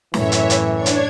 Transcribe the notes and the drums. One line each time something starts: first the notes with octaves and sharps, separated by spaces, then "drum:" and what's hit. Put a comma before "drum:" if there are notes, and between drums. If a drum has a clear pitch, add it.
F#2 A2 E3 C#5 E5, drum: snare
drum: hi-hat
drum: hi-hat
D4 C#5 G#6
drum: hi-hat